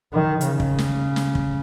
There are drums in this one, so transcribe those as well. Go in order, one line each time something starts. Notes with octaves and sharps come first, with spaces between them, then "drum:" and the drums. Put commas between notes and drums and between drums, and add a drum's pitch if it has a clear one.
D#3
C#3, drum: hi-hat
drum: kick
drum: snare
drum: snare
drum: kick